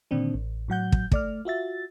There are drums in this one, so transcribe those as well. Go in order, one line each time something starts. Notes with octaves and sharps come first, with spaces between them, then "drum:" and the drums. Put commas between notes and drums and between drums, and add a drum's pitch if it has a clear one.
A#2 D3 D#3 C4 D4
A1
A2 F#3 F#5 G6
drum: kick
A3 D5 F6, drum: kick
F4 F#4 E5 A6